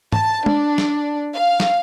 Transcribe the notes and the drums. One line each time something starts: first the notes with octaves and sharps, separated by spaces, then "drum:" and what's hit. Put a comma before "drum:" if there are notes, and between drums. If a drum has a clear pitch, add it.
A5, drum: tom G#2
D4, drum: tom
drum: snare
F5
drum: snare